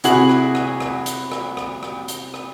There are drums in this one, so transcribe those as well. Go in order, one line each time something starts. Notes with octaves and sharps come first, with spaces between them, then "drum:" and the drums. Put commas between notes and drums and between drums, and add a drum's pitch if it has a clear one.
C3 E4 F#4 G#4 F#7, drum: hi-hat
drum: rim click
drum: rim click
drum: rim click
drum: hi-hat
drum: rim click
drum: rim click
drum: rim click
drum: hi-hat
drum: rim click